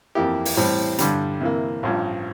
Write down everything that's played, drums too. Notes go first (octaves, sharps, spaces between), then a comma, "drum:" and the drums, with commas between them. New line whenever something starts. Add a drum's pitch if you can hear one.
F2 E3 A#3 E4 G4
drum: open hi-hat
A2 E3 G3 C4
G2 D3 G3, drum: hi-hat
C3 E3 A#3
A1 G2 F3